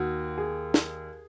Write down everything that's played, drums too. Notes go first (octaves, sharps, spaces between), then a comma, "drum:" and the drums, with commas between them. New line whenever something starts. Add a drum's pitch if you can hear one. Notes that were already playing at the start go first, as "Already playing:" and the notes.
Already playing: D#2 F#4
G#4
drum: snare